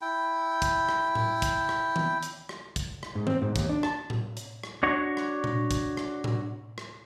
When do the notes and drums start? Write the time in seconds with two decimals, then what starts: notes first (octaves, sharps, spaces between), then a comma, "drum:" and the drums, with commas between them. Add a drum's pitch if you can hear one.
0.01 E4 G5
0.62 drum: kick, hi-hat
0.89 drum: rim click
1.15 drum: tom A2
1.42 drum: kick, hi-hat
1.69 drum: rim click
1.96 drum: tom D#3
2.23 drum: hi-hat
2.49 drum: rim click
2.76 drum: kick, hi-hat
3.03 drum: rim click
3.15 G#2
3.27 C4, drum: tom D#3
3.42 G#2
3.56 D#2, drum: kick, hi-hat
3.69 D4
3.83 A5, drum: rim click
4.10 drum: tom A2
4.37 drum: hi-hat
4.64 drum: rim click
4.83 D4 F#4 C#5
5.17 drum: rim click
5.44 drum: tom A#2
5.71 drum: kick, hi-hat
5.97 drum: rim click
6.24 drum: tom A2
6.78 drum: rim click